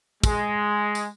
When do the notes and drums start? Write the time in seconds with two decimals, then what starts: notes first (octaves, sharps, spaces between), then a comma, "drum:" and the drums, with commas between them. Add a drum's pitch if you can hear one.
0.24 G#3, drum: kick, tambourine
0.95 drum: tambourine